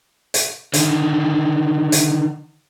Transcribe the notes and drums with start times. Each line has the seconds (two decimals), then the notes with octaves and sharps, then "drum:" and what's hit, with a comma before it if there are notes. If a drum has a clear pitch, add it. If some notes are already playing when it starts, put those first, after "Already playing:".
0.34 drum: hi-hat
0.74 D3 D#3, drum: hi-hat
1.92 drum: hi-hat